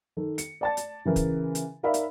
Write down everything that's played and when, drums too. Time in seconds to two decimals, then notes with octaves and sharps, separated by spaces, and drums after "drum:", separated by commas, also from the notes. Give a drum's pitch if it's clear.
0.17 D#3 A4
0.38 C#7, drum: hi-hat
0.61 D5 A5 A6
0.77 drum: hi-hat
1.05 C#3 E3 A#4
1.16 drum: kick, hi-hat
1.55 drum: hi-hat
1.83 D#4 A#4 D5 E5 F5 B5
1.94 drum: hi-hat